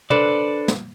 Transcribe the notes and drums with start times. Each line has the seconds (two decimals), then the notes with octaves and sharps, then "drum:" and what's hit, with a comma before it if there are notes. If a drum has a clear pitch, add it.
0.10 D4 A4 B4 C5 D5, drum: tom
0.68 drum: snare